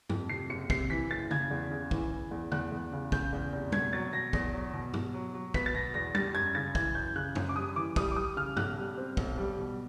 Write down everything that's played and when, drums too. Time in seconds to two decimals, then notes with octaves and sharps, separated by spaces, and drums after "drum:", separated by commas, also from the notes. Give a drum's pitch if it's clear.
0.09 F2, drum: tom G2
0.29 C3 C7
0.50 F#1 C#7
0.70 C3 C7, drum: kick
0.90 E3 B6
1.10 F#1 A6
1.31 C#3 G#6, drum: tom D3
1.51 E2
1.71 C#3
1.91 E3, drum: kick
2.11 E3
2.31 E2
2.52 E2 F#6, drum: tom D3
2.72 E2
2.93 C#3
3.12 C#3 G6, drum: kick
3.33 E2
3.52 F1
3.72 B2 G#6, drum: tom G3
3.93 F#3 A6
4.13 B2 A#6
4.33 E2, drum: kick
4.53 F#3
4.73 B2
4.94 B2, drum: tom G2
5.14 F#3
5.34 F#3
5.54 B3 B6, drum: kick
5.66 A6
5.75 B2 A#6
5.94 E2 A#6
6.15 G3 A6, drum: tom G3
6.35 F#2 G#6
6.55 C#3 A6
6.75 E3 G#6, drum: kick
6.95 F#2 G6
7.16 C#3 F#6
7.35 F#2, drum: tom F#2
7.49 D6
7.56 G3 D#6
7.76 E3 D6
7.96 G3 D#6, drum: kick
8.11 D6
8.16 G3 D#6
8.36 C#3 F6
8.57 B1 F#6, drum: tom G2
8.77 G3
8.97 C4
9.17 B1, drum: kick
9.38 G3
9.58 B2